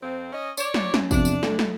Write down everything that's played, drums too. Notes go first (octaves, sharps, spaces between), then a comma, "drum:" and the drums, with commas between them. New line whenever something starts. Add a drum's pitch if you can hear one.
F2 C4
C#4 D#5
C#5 D5, drum: tambourine
drum: snare
C#4, drum: snare
E2 C3 F3 D4, drum: kick G#1, tambourine
drum: tambourine
A3, drum: snare
drum: snare